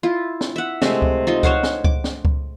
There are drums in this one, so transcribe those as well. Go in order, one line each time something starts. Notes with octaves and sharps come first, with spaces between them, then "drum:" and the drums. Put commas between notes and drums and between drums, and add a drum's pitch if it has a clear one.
E4 F4
drum: snare
E5 F#5
C3 G#3 A3, drum: snare
drum: kick C#2
D#4 F4 C6
C5 C#5 F5 F#5, drum: kick C#2
drum: snare
D6, drum: kick C#2
drum: snare
drum: kick C#2